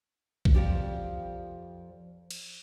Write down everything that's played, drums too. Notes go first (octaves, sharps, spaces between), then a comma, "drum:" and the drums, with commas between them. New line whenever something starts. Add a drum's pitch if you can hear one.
drum: kick A#1
F2 F3 G4 D5
drum: cymbal